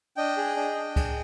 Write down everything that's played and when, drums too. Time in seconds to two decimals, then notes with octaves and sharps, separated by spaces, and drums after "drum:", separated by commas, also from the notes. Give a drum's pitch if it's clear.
0.17 D4 D#5 G5
0.37 G#4
0.57 D4
0.76 D4
0.96 G#4, drum: kick C#2, cymbal